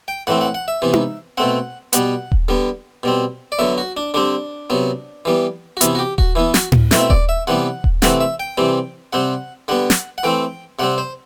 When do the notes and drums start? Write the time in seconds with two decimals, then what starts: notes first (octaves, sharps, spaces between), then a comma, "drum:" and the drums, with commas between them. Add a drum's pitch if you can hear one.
0.08 G5
0.27 A2 E3 A3 C4 F#5
0.41 F#5
0.54 F#5
0.68 E5
0.82 C3 E3 B3
0.93 drum: tom D#4
1.37 B2 A3 C4 F#5
1.93 B2 G3 B3 F#5, drum: hi-hat
2.32 drum: kick D#1
2.48 D3 G3 B3
3.03 B2 G3 C4
3.52 D5
3.59 D3 F#3 B3 E5
3.78 F#4
3.97 D4
4.14 D3 G3 C4 D4
4.70 C3 F#3 B3
5.25 E3 G3 B3
5.77 F#4
5.81 C3 E3 B3 E4, drum: hi-hat
5.95 F#4
5.99 G4
6.18 F#4, drum: kick D#1
6.35 E3 B3 E4
6.54 F#4, drum: snare
6.72 drum: tom A2
6.91 B2 A3 C4 E4, drum: snare
7.01 E5
7.10 D5, drum: kick D#1
7.29 E5
7.47 C3 E3 G3 B3 F#5
7.84 drum: kick D#1
8.02 C3 E3 A3 C4 F#5, drum: snare
8.21 E5
8.40 G5
8.57 C3 E3 G3 C4
9.13 C3 G3 C4 F#5
9.68 D3 G3 B3 F#5
9.90 drum: snare
10.18 F#5
10.24 E3 A3 C4 G5
10.79 C3 G3 C4 F#5
10.98 C5